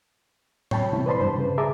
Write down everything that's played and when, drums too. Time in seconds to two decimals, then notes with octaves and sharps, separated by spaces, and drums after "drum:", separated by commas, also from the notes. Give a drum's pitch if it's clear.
0.71 C#5 G5 A5 B5, drum: tom A2
0.92 A2 C3 E3 G3 C4 E4
1.06 B4 C5 D5 A5 B5 C6
1.21 G2 C5
1.37 C#3 B4
1.58 G#4 E5 A5 A#5 D6